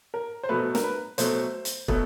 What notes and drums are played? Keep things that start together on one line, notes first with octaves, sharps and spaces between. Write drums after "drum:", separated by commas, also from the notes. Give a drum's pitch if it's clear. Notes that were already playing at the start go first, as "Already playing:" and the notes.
A#4
C5
B2 F#3 A3 B4
A#4, drum: snare
B4
B2 F#3 A3 C5, drum: hi-hat
drum: hi-hat
B2 F#3 A3, drum: kick